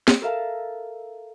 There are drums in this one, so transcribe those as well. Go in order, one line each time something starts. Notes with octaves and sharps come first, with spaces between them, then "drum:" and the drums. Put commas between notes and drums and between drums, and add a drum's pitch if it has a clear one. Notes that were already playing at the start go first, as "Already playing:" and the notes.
drum: snare
A4 A#4 E5 F5 A5